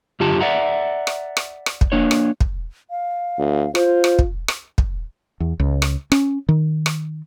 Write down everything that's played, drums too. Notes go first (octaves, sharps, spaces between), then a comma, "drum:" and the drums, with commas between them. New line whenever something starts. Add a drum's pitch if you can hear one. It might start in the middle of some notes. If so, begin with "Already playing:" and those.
F#2 D3 F4 G4 A5
D5 E5 F#5 A#5
drum: rim click
drum: rim click
drum: rim click
drum: kick
A#3 D4 C#5
drum: rim click
drum: kick
F5
D2
F4 C5, drum: rim click
drum: rim click
drum: kick
drum: rim click
drum: kick
E2
C#2
drum: rim click
C#4, drum: rim click
D#3
drum: rim click